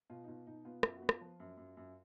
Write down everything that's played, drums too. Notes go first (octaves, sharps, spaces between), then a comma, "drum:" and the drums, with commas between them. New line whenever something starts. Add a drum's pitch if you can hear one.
B2 F4
D#4
B2 F4
B2 D#4
B3 F4
F#2 F4, drum: rim click
F#4
B3
F4, drum: rim click
F3
F#2
F#2
F#2